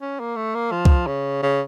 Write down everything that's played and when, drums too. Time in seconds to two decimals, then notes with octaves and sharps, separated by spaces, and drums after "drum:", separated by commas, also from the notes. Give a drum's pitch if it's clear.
0.01 C#4
0.20 A#3
0.36 A3
0.55 A#3
0.72 F3
0.85 drum: kick C2
1.07 C#3
1.43 C#3